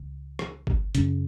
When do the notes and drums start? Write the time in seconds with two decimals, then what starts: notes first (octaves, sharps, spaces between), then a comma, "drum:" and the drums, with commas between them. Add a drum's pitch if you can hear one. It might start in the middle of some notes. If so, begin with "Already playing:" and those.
Already playing: C#2
0.39 drum: rim click
0.67 drum: kick G1
0.95 F#2 C#3, drum: hi-hat